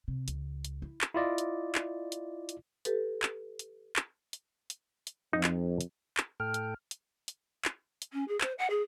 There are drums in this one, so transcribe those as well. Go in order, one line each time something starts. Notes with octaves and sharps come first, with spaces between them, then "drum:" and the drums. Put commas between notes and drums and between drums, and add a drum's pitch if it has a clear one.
C3
C#2, drum: hi-hat
drum: hi-hat
E4
drum: clap
E4 F4 D5 D#5
drum: hi-hat
drum: clap
drum: hi-hat
drum: hi-hat
G4 A4 B4, drum: hi-hat
drum: clap
drum: hi-hat
drum: clap
drum: hi-hat
drum: hi-hat
drum: hi-hat
F2 D#4
drum: clap
drum: hi-hat
drum: clap
A2 A4 G5 F6
drum: hi-hat
drum: hi-hat
drum: hi-hat
drum: clap
drum: hi-hat
C#4
G#4
C5, drum: clap
F#5
G#4